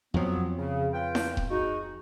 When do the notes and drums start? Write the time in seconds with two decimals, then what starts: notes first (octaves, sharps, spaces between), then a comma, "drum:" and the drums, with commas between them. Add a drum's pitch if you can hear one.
0.14 F2 F3 F#3 B3
0.58 C#3
0.93 F4 B4 G5
1.15 drum: snare E4
1.37 drum: kick D#1
1.50 G#3 D#4 F#4